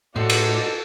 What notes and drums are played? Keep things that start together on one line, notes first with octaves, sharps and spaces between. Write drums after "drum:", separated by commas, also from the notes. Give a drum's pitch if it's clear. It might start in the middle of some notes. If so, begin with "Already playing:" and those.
A2 D#4 F#4 A4 C5 D5
drum: cymbal